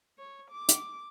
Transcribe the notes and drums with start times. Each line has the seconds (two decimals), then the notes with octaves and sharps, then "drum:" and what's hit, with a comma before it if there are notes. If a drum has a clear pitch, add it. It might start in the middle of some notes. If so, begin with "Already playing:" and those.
0.18 C#5
0.51 D6
0.69 drum: hi-hat